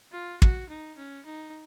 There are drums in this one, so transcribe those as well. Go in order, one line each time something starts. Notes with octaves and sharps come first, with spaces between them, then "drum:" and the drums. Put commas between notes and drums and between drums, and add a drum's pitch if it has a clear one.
F4
F#4, drum: kick
D#4
C#4
D#4